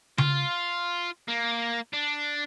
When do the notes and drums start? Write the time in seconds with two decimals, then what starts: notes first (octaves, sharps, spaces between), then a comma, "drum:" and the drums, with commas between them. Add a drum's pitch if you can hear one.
0.18 F4, drum: tom C#3
1.28 A#3
1.94 D4